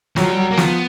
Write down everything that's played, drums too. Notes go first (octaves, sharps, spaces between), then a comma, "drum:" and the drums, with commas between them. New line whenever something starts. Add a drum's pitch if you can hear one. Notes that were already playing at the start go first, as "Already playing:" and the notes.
F3 F#3, drum: snare
G3
F#3
A#3
F3 B3, drum: snare